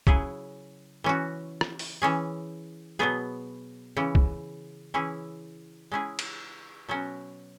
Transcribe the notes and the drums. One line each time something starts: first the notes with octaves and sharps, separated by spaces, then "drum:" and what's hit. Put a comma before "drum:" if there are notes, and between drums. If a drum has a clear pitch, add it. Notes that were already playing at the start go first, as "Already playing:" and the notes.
C#3 F#3 E4 G#4, drum: kick
E3 C#4 F#4
drum: rim click
drum: open hi-hat
E3 C#4 G#4
B2 F#3 B3 G#4
C#3 E3 C#4
drum: kick
E3 C#4 E4 G#4
G#3 C#4 E4 G#4
drum: cymbal
B2 F#3 C#4 F#4